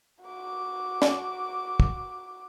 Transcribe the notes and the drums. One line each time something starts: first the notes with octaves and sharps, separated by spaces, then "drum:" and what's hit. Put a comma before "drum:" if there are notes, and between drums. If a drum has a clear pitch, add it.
F#4 D6
drum: snare
drum: kick